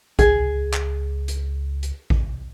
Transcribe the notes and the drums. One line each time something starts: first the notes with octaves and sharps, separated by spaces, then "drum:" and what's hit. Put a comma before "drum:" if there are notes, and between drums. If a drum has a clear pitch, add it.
C#2 G#4, drum: kick A1, hi-hat
drum: clap
drum: hi-hat
drum: hi-hat
drum: kick A1